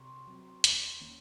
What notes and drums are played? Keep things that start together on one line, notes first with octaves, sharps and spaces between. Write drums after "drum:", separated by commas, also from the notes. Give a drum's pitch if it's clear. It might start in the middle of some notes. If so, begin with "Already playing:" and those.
Already playing: C3 C6 C#6
F#3 C4
D#2, drum: hi-hat
D#3 A#3 C#4